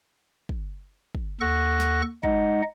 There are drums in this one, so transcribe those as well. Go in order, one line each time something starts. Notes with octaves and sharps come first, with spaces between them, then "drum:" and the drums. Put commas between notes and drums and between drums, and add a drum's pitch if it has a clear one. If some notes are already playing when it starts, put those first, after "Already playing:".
drum: kick
drum: kick
D#2 A4 F#5 C#6 F#6 A#6
drum: snare
G#3 D#4 D#5 F#5, drum: kick